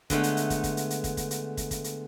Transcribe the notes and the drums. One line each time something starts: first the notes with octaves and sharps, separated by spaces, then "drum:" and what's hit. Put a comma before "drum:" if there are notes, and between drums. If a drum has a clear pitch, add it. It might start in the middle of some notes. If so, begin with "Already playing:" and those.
D3 G#3 A3 B3, drum: kick, hi-hat
drum: hi-hat
drum: hi-hat
drum: kick, hi-hat
drum: kick, hi-hat
drum: hi-hat
drum: hi-hat
drum: kick, hi-hat
drum: kick, hi-hat
drum: hi-hat
drum: kick, hi-hat
drum: kick, hi-hat
drum: hi-hat